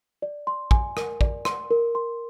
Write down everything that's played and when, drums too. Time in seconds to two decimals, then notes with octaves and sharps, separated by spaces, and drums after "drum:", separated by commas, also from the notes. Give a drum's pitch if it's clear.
0.22 D5
0.47 C6
0.71 G#5, drum: kick
0.97 A#4, drum: rim click
1.21 D5, drum: kick
1.45 C6, drum: rim click
1.71 A#4
1.95 C6